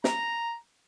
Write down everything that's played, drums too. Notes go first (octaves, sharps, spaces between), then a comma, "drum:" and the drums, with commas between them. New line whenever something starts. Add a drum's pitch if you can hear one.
A#5, drum: snare